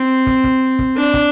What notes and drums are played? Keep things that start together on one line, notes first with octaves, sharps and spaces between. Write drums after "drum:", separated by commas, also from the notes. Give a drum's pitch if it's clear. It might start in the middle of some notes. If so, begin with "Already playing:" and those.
Already playing: C4
drum: kick
drum: kick
drum: kick
D4
drum: kick